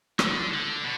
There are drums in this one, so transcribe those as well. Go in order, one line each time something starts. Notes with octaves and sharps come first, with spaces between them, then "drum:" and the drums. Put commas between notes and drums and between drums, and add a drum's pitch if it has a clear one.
D3, drum: rim click
D3
B2